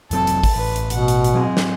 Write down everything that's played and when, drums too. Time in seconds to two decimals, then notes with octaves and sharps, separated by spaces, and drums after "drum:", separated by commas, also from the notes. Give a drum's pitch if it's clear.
0.11 F1 F#3 C4 A4 A5, drum: hi-hat
0.27 drum: hi-hat
0.43 drum: kick G#1, open hi-hat
0.56 A1 B4
0.76 drum: hi-hat
0.90 B2 F#5, drum: hi-hat
1.08 drum: hi-hat
1.24 drum: hi-hat
1.35 F#3 G#3 C4
1.57 drum: snare